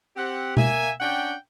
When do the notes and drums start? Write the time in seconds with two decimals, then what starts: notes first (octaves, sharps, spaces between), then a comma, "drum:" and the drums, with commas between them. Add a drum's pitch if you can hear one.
0.16 C4 G4 F#5
0.57 A#3 E5 G#5, drum: tom B2
1.00 C#4 D4 F#5 G5